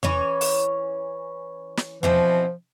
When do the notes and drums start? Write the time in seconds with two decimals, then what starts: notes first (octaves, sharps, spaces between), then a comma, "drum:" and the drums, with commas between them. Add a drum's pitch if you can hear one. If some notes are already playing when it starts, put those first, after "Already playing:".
0.03 E3 C#4 C#5, drum: tom E2
0.41 drum: open hi-hat
1.77 drum: snare
2.03 B2 E3 F3 C4, drum: tom E2